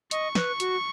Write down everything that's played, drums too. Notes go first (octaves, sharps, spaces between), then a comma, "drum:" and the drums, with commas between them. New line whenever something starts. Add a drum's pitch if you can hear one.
D#5 C#6, drum: hi-hat
B4, drum: snare
F#4, drum: hi-hat